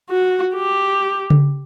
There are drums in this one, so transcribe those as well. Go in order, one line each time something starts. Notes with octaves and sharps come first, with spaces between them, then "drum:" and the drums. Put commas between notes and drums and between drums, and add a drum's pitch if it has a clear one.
F#4
G4
drum: tom C#3